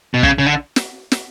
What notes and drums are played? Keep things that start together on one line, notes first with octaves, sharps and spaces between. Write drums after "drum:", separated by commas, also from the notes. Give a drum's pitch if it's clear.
B2
C#3, drum: kick
C#3
D3
drum: snare
drum: snare